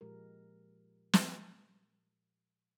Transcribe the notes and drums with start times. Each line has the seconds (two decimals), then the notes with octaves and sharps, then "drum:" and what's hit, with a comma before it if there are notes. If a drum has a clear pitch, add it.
0.01 A#2 F3 G#3 G4 A#4
1.13 drum: snare